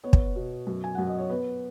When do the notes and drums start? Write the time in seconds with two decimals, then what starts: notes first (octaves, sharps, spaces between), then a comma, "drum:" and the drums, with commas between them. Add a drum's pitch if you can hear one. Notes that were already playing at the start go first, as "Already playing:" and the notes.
0.04 B3 C#5
0.13 drum: kick
0.36 B2
0.67 F#2
0.84 G#5
0.95 F#2 F#5
1.07 D#5
1.18 C#5
1.30 B3 B4